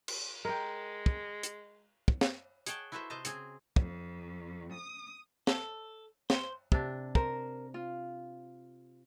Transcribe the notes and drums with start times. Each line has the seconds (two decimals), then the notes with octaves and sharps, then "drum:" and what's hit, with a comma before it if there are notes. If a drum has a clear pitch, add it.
0.08 drum: cymbal
0.45 G#3 A#4 G5
1.06 drum: kick
1.43 drum: hi-hat
2.08 drum: kick
2.21 drum: snare
2.66 G#4 C#5 F#5 G5 A5, drum: hi-hat
2.92 E4 F#4 A4 B4 C5 E5
3.10 C3 C5 D#5 A5 A#5
3.25 C#3 C4 G#4, drum: hi-hat
3.76 F2, drum: kick
4.72 D#6
5.47 A4, drum: snare
6.30 C5, drum: snare
6.72 C3 D4, drum: kick
7.15 A#4 C5, drum: kick
7.74 F4